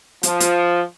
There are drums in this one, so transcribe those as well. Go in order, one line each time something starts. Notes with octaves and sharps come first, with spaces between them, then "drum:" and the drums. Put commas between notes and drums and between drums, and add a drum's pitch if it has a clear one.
F3, drum: hi-hat
drum: hi-hat